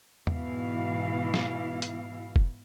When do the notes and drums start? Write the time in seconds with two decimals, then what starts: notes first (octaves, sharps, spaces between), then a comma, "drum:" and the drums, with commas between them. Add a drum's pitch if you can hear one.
0.27 G#2 B2 E3 E4 F5, drum: tom E2
1.34 drum: snare
1.82 drum: hi-hat
2.36 drum: kick F1